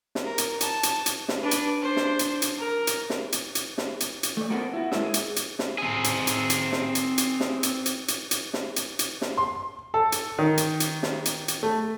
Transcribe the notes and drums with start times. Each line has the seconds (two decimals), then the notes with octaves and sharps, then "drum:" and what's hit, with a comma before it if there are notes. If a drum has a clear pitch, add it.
0.15 drum: snare
0.24 A#4
0.38 drum: hi-hat
0.61 A5, drum: hi-hat
0.83 drum: hi-hat
1.06 drum: hi-hat
1.29 drum: snare
1.42 D4 B4
1.51 drum: hi-hat
1.82 D4 C5
1.96 drum: snare
2.19 drum: hi-hat
2.42 drum: hi-hat
2.58 A#4 A#5
2.87 drum: hi-hat
3.10 drum: snare
3.32 drum: hi-hat
3.55 drum: hi-hat
3.78 drum: snare
4.00 drum: hi-hat
4.23 drum: hi-hat
4.37 A3 D5
4.50 B3 C4 D4 F#4 A4 A#4
4.73 E4 F#4
4.92 G#3 A3 E4 A#4 E5, drum: snare
5.04 G#4
5.14 drum: hi-hat
5.36 drum: hi-hat
5.59 drum: snare
5.78 C4 G#4
6.04 drum: hi-hat
6.27 drum: hi-hat
6.50 drum: hi-hat
6.72 drum: snare
6.95 drum: hi-hat
7.18 drum: hi-hat
7.40 drum: snare
7.63 drum: hi-hat
7.86 drum: hi-hat
8.08 drum: hi-hat
8.31 drum: hi-hat
8.54 drum: snare
8.76 drum: hi-hat
8.99 drum: hi-hat
9.22 drum: snare
9.37 C6
9.94 A4
10.12 drum: hi-hat
10.39 D#3
10.57 drum: hi-hat
10.80 drum: hi-hat
11.03 drum: snare
11.25 drum: hi-hat
11.48 drum: hi-hat
11.63 A3